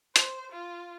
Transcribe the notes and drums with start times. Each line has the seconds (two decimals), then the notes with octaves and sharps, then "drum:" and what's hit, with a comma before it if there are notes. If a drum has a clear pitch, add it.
0.16 C5, drum: hi-hat
0.52 F4